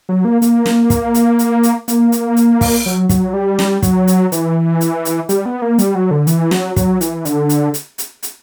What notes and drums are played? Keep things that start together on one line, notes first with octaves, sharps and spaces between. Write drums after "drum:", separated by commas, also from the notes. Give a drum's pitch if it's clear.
F#3
A#3
A#3, drum: hi-hat
drum: snare
drum: kick, hi-hat
drum: hi-hat
drum: hi-hat
drum: hi-hat
A#3, drum: hi-hat
drum: hi-hat
drum: hi-hat
drum: kick, open hi-hat
F#3
F#3, drum: kick, hi-hat
G3
drum: snare
F#3, drum: kick, hi-hat
drum: hi-hat
E3, drum: hi-hat
drum: hi-hat
drum: hi-hat
G3, drum: hi-hat
B3
A#3
G3, drum: hi-hat
F#3
D3
E3, drum: hi-hat
F#3, drum: snare
F#3, drum: kick, hi-hat
E3, drum: hi-hat
D3, drum: hi-hat
drum: hi-hat
drum: hi-hat
drum: hi-hat
drum: hi-hat